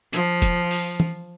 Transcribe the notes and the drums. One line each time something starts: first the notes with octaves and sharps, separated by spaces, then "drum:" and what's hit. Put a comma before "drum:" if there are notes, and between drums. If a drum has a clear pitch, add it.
F3, drum: hi-hat
drum: kick, hi-hat
drum: open hi-hat
drum: tom